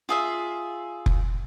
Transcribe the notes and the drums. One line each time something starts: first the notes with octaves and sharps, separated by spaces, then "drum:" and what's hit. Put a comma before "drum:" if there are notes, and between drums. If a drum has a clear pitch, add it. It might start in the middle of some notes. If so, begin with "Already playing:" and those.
F4 G#4 E5
drum: kick F1